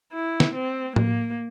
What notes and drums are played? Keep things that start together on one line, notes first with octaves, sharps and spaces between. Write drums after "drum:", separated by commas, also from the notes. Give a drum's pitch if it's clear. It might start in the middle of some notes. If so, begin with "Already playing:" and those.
E4
drum: snare
C4
A#3, drum: tom A2